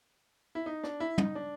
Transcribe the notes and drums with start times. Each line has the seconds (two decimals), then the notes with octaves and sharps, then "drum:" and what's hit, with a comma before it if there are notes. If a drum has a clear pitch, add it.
0.55 E4
0.66 D#4
0.84 D4, drum: rim click
1.00 E4
1.18 D#4, drum: tom
1.35 D4